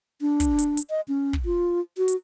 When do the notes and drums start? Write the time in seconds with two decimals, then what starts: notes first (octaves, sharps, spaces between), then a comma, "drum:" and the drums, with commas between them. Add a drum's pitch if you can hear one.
0.21 D4
0.40 drum: kick, hi-hat
0.59 drum: hi-hat
0.77 drum: hi-hat
0.90 D#5
1.08 C#4
1.33 drum: kick
1.45 F4
1.98 F#4
2.08 drum: hi-hat